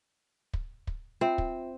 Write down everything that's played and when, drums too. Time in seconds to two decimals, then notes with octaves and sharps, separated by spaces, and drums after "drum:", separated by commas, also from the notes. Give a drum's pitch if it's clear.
0.54 drum: kick
0.87 drum: kick
1.21 C4 F4 E5
1.38 drum: kick